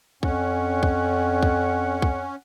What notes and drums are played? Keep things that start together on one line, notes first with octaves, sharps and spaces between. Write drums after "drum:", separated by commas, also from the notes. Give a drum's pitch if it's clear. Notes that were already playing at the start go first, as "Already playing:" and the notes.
F2 C#4 F#5, drum: kick
drum: kick
drum: kick
drum: kick